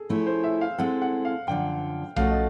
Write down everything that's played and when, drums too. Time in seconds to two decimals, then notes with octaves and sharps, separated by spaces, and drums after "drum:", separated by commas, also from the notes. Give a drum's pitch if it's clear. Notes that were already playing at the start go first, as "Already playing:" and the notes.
Already playing: G#4 A4
0.09 F3 A3 C#4 E4
0.27 C5
0.44 E5
0.61 F5
0.78 G#3 C4 E4 A4 F#5
1.02 F#5
1.25 F5
1.47 F#2 D3 F3 G5
2.16 F3 A3 C#4 F#4 A4 F5, drum: tom B1
2.30 D#5